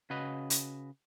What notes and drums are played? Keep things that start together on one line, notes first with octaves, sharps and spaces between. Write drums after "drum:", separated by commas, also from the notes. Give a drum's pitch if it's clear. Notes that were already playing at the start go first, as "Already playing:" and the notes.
C#3 F#4 B4 D#5
drum: hi-hat